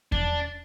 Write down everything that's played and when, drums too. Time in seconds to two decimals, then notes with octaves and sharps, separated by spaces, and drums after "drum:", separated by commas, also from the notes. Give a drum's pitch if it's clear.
0.12 D4, drum: kick E2